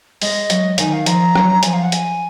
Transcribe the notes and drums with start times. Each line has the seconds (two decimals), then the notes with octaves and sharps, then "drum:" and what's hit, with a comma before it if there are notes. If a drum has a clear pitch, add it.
0.22 G#3 D#5, drum: open hi-hat
0.50 F#3, drum: hi-hat
0.78 D#3 G#5, drum: hi-hat
0.93 F5
1.06 F3 A#5, drum: hi-hat
1.35 F#3, drum: rim click
1.63 F3 G#5, drum: hi-hat
1.73 F5
1.83 F#5
1.92 G#5, drum: hi-hat